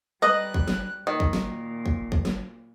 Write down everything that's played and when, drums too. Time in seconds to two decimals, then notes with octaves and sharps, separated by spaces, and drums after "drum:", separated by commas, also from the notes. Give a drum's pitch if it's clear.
0.22 G3 B4 D#5 A#5 F#6
0.54 drum: kick
0.68 drum: snare
1.07 A#2 D#3
1.20 drum: kick
1.33 drum: snare
1.86 drum: kick
2.12 drum: kick
2.25 drum: snare